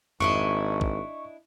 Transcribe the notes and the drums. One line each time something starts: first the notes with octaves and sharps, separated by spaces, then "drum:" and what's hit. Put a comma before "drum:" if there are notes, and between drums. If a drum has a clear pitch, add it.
G#1 D4 E4 D#5 C#6, drum: tom F2
drum: kick